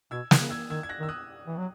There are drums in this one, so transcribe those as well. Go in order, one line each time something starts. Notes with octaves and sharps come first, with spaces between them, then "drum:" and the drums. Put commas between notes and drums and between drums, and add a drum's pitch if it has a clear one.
B2 E6 G#6
D#6 F#6, drum: snare
C#3
E6 G#6
D#3 E6 G#6
G#6
F#6 A#6
D#3 E6
D#6 F#6
E3
F#3